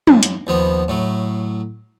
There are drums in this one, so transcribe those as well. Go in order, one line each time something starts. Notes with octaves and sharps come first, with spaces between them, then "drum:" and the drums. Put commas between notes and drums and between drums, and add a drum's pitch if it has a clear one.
F#2, drum: tom
drum: hi-hat
D#2 F3 B3
A2 F#3